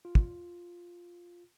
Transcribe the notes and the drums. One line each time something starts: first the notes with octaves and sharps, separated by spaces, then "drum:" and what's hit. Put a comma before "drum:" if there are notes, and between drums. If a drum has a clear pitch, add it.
F4
drum: kick